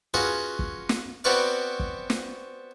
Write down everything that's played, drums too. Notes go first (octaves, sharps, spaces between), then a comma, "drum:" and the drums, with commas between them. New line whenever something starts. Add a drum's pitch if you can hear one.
C#4 F4 F#4 G#4 B4 D#5
drum: kick
drum: snare
B3 C4 F#4 B4 D5 F5
drum: kick
drum: snare